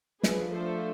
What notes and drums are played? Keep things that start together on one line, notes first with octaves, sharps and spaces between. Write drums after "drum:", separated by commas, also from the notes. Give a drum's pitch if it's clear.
F3 A3 D4 G#4 B4, drum: snare
A4 C5